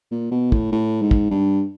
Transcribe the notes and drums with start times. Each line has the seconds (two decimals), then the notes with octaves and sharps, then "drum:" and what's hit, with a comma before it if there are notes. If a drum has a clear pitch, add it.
0.11 A#2
0.31 B2
0.52 A2, drum: kick
0.72 A2
1.02 G#2
1.11 drum: kick
1.30 G2